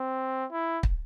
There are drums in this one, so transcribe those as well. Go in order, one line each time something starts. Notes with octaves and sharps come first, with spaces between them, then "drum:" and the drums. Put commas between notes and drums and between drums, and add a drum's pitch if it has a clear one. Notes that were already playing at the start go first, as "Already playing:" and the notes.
Already playing: C4
E4
drum: kick